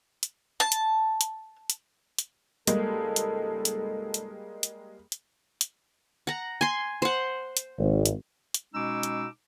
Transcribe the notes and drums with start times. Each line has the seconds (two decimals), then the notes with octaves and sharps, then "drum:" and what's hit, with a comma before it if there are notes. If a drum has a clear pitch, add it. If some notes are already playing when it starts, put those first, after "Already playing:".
0.23 drum: hi-hat
0.60 A5
0.72 drum: hi-hat
1.21 drum: hi-hat
1.70 drum: hi-hat
2.19 drum: hi-hat
2.67 C#2 G#2 G3 G#3 A#3 A4, drum: hi-hat
3.16 drum: hi-hat
3.65 drum: hi-hat
4.14 drum: hi-hat
4.63 drum: hi-hat
5.12 drum: hi-hat
5.61 drum: hi-hat
6.27 F#5 A#5
6.61 G#5 C6
7.02 C5 F#5
7.57 drum: hi-hat
7.78 G#1
8.06 drum: hi-hat
8.54 drum: hi-hat
8.75 B2 G#3 C#4 D#4 D6 E6
9.03 drum: hi-hat